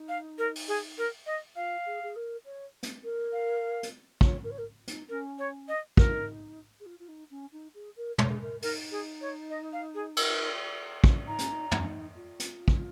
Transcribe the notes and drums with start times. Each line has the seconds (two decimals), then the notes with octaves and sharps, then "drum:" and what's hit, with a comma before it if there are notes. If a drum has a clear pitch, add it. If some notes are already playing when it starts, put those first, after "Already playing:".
Already playing: D#4
0.09 F5
0.38 A#4
0.55 drum: open hi-hat
0.68 G#4
0.98 A#4
1.26 D#5
1.56 F4 F5
1.85 G#4
2.03 G#4
2.15 A#4
2.44 C#5
2.83 drum: hi-hat
3.03 A#4
3.32 F5
3.83 drum: hi-hat
4.21 C#5, drum: kick
4.43 A#4
4.50 C#5
4.58 A#4
4.87 D#4, drum: hi-hat
5.09 C#4 A#4
5.39 C#5
5.68 D#5
5.97 D#4 A#4, drum: kick
6.80 G#4
6.85 F4
6.99 F4
7.08 D#4
7.30 C#4
7.52 D#4
7.74 G#4
7.96 A#4
8.18 C#5, drum: tom
8.30 G#4
8.40 A#4
8.62 D#4 A#4, drum: open hi-hat
8.91 G#4
9.21 C#5
9.50 D#5
9.73 F5
9.95 G#4
10.17 A#4, drum: cymbal
11.04 drum: kick
11.27 D#4 A#5
11.39 C#4, drum: hi-hat
11.51 D#4
11.71 D#4, drum: tom
11.79 C#4
11.85 D#4
12.15 F4
12.40 drum: hi-hat
12.68 drum: kick